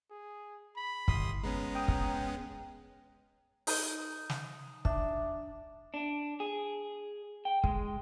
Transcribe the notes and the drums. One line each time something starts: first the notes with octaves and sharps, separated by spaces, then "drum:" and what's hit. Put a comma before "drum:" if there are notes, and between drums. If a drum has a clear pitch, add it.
G#4
B5
G1 C2 C6 D#6 B6, drum: kick
G#3 B3 C#4 A#5
G5 D#6
drum: kick
D#4, drum: open hi-hat
drum: snare
D4 E5, drum: kick
D4
G#4
G5
G#3, drum: kick